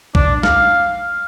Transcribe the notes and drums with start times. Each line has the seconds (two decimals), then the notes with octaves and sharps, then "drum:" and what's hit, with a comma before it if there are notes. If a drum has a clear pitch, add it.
0.15 D4, drum: kick B1
0.43 F5, drum: snare